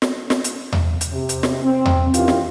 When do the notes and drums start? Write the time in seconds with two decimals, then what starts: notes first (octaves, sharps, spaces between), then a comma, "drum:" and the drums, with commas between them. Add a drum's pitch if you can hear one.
0.02 drum: snare
0.30 drum: snare
0.44 drum: hi-hat
0.72 drum: tom E2
1.01 drum: hi-hat
1.12 C3
1.29 drum: hi-hat
1.43 drum: snare
1.63 C4
1.85 drum: tom E2
2.14 D#3 E3 C#4 F4 G4 A#4, drum: hi-hat
2.28 drum: snare